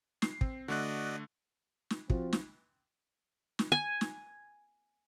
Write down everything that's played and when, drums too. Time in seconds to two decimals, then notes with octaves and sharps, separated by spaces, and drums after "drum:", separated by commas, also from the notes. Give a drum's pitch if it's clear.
0.22 C7, drum: snare
0.41 C4, drum: kick
0.68 D3 A3 F#4 D5 D#5 F#6
1.90 drum: snare
2.10 F3 C4 F4 F#4, drum: kick
2.33 drum: snare
3.59 drum: snare
3.72 G#5
4.01 drum: snare